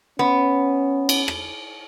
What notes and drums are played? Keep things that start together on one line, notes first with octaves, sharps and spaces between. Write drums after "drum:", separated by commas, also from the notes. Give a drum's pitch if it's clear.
B3 C#4
drum: cymbal
drum: rim click